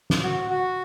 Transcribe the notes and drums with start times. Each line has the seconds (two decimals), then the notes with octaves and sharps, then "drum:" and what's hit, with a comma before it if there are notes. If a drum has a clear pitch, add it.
0.10 drum: snare
0.24 F#4
0.50 F#4